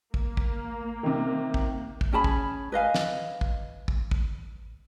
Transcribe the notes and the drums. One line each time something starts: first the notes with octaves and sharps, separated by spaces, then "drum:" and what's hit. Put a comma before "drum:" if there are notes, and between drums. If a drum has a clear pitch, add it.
A#3, drum: kick
drum: kick
C3 D#3
drum: kick
drum: kick
C#4 G#4 A5 B5
drum: kick
B4 D#5 F5 G#5
drum: snare
drum: kick
drum: kick
drum: kick